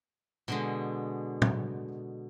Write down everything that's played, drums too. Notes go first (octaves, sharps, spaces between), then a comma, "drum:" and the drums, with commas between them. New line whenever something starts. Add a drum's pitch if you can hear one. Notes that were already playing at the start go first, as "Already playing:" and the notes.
B2 D3 G#3
drum: tom